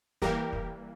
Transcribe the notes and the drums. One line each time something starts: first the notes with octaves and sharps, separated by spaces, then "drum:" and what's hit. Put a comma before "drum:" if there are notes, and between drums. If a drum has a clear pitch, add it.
E3 G3 A#3 G4 A#4, drum: kick
drum: kick